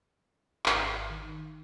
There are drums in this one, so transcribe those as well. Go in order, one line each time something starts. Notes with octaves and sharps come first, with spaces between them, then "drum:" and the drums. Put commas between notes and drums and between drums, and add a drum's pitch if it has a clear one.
G#1, drum: clap
D#3